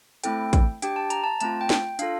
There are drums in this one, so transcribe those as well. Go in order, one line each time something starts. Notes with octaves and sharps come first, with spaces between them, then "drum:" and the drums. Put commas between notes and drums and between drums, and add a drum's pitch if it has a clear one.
A3 C4 E4 A4 G5, drum: hi-hat
drum: kick, hi-hat
D4 G4 G5, drum: hi-hat
A5
A#5, drum: hi-hat
A5
A3 C4 F4 A5, drum: hi-hat
G5
drum: snare
D4 F4 A4 F5, drum: hi-hat